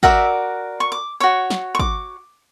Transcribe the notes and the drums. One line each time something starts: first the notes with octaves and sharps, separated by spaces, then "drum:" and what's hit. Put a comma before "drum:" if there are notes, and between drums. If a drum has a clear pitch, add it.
F#4 A#4 D5 E5, drum: kick
C#6
D6
F#4 C#5 C#6
drum: snare
C#6
D6, drum: kick